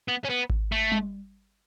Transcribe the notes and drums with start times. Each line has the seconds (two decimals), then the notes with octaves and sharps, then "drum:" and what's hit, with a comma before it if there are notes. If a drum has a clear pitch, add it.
0.08 B3
0.25 C#4
0.30 B3
0.50 drum: kick G#1
0.72 A3
0.92 drum: tom G3